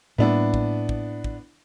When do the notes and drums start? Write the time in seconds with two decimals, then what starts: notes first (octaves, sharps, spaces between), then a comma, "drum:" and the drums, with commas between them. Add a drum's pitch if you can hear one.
0.18 A2 G3 A#3 B3 D4 E4
0.54 drum: kick
0.89 drum: kick
1.24 drum: kick